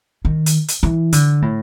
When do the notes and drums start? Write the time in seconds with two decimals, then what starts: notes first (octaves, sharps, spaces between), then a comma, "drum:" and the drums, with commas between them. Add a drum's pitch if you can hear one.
0.25 D#3
0.46 drum: hi-hat
0.68 drum: hi-hat
0.83 E3
1.12 D3, drum: hi-hat
1.42 A2